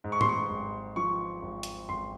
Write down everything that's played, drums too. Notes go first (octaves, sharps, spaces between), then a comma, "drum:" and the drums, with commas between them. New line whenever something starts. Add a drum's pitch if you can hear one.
G#2
C#6
C6, drum: tom G#2
C#6
G#1
F3 C#6
G#1
drum: hi-hat
G#1 C6